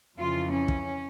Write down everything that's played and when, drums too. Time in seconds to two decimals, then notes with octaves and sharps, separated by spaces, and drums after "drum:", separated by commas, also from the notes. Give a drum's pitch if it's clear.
0.18 F2 C#3 E3 F4
0.51 C#4
0.68 drum: kick